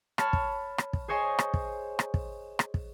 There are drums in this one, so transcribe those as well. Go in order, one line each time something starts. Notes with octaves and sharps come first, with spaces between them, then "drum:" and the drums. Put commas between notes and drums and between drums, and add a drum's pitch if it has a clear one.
C#5 A5 B5 F6, drum: rim click
drum: kick
drum: rim click
drum: kick
G#4 C5 C#5 D#5 G#5
drum: rim click
drum: kick
drum: rim click
drum: kick
drum: rim click
drum: kick